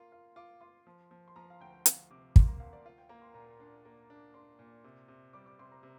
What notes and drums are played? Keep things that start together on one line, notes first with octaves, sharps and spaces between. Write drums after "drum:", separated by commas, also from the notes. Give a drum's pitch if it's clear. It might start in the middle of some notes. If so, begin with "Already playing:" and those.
Already playing: A#3 F4 C6
F4
F4 D6
F4 C6
F3
F3
C6
F3 A#5
F5
D2 G5
D2 F5, drum: hi-hat
C3 D6
A#3 C6, drum: kick
A#5
D2 F5
D5
F4 F5
G5
A#3 A#5
C6
A#2 A#5
D4
A#3
D4
D4 C6
A#2
C3
C3
G3 D6
D6
C3 C6
A#5
C3